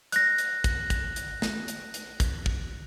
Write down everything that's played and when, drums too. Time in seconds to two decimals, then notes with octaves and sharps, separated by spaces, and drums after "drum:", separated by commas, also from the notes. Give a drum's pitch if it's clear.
0.12 F#6 A#6, drum: hi-hat
0.38 drum: hi-hat
0.64 drum: kick, hi-hat
0.90 drum: kick, hi-hat
1.16 drum: hi-hat
1.42 drum: snare
1.68 drum: hi-hat
1.94 drum: hi-hat
2.20 drum: kick, hi-hat
2.46 drum: kick